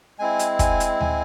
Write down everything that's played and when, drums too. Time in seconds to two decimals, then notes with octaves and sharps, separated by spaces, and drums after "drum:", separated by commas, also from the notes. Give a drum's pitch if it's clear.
0.19 G#3 C4 E4 G#5
0.39 drum: hi-hat
0.59 G#5, drum: kick, hi-hat
0.80 drum: hi-hat
1.00 G#5, drum: tom D2